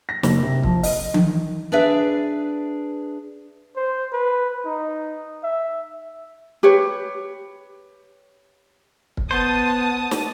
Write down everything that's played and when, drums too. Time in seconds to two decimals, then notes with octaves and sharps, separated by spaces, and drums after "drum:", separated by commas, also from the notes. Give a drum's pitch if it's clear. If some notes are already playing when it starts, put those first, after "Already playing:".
0.09 A#6
0.23 F#1, drum: snare
0.43 C3
0.63 F3, drum: kick
0.83 D#5, drum: open hi-hat
1.14 D#3, drum: tom E3
1.72 D4 G#4 B4 D5 E5
3.76 C5
4.13 B4
4.66 D#4
5.44 E5
6.63 G4 B4 C#5
9.17 drum: kick
9.31 B3 C5 A5 D#6
10.11 drum: snare